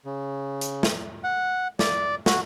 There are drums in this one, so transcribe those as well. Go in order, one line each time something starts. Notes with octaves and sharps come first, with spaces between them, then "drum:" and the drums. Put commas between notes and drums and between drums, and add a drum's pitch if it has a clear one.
C#3
drum: hi-hat
drum: snare
F#5
D5, drum: snare
F#4, drum: snare